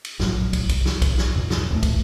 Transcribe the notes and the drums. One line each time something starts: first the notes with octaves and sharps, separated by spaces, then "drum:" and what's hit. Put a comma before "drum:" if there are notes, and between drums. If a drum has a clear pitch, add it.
drum: cymbal
A#1 F#2 A2 F#3, drum: snare
drum: kick, cymbal
C2, drum: cymbal
drum: snare
drum: kick, cymbal
drum: snare
F2 B2
drum: snare
D#1 E2 A2 A3
drum: kick, cymbal